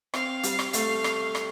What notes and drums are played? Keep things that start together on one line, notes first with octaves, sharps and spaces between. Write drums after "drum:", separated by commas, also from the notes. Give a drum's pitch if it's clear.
C4 F5, drum: rim click
G3, drum: hi-hat
drum: rim click
A3 F5, drum: hi-hat
drum: rim click
drum: rim click